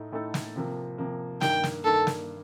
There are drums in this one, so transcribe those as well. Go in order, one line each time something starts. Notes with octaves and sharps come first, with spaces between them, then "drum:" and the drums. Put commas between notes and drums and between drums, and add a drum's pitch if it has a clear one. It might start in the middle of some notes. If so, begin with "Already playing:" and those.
Already playing: A2 A3 D#4
A2 A3 D#4 A4
drum: snare
C3 F3 A#3
C3 F3 A#3
G2 D#3 A#3 G5, drum: snare
drum: snare
G2 D#3 A#3 A4
drum: snare